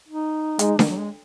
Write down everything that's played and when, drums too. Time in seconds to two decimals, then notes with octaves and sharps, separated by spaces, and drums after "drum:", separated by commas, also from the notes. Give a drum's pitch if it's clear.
0.09 D#4
0.59 G#3 D#4, drum: hi-hat
0.79 D#3, drum: snare D4
0.89 F#3
0.99 G#3